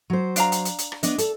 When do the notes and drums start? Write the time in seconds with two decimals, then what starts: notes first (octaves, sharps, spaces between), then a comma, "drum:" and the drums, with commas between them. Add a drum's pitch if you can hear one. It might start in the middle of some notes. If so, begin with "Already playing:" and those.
0.10 F#3 C5
0.36 D4 F5 A#5, drum: hi-hat
0.52 drum: hi-hat
0.65 drum: hi-hat
0.78 drum: hi-hat
0.92 drum: rim click
1.03 B3 D4 D#5, drum: hi-hat
1.18 A4, drum: hi-hat